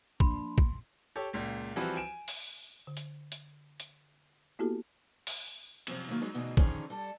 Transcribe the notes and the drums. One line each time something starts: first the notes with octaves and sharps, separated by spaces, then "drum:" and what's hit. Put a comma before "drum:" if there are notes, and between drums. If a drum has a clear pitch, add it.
F3 A#3 D4 B5 C6, drum: kick
drum: kick
G4 A4 C#5
C#2 A#2
E3 F3 G3 C4 F#4 B4
G#5 D7 E7
drum: open hi-hat
D3
drum: hi-hat
drum: hi-hat
drum: hi-hat
A#3 B3 E4 F#4 G4 A4
drum: open hi-hat
F#2 C3 E3 F3, drum: cymbal
A2 D#3 F#3 A#3
F#3 G#3 D#4 G#4
D2 B2 E3 D#4 G#4
D3 D#3 F3 C#4 G#4 C#5, drum: kick
G3 A4 A5